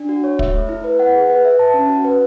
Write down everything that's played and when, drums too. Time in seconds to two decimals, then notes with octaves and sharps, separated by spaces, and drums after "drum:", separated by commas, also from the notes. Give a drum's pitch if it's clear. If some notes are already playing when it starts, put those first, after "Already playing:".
Already playing: D4
0.09 F#4
0.24 C#5
0.39 E5, drum: kick
0.54 A3
0.69 E4
0.84 B4
0.99 F#5
1.14 G#4
1.29 B4
1.45 E5
1.59 A5
1.74 C#4
1.89 F#4
2.05 B4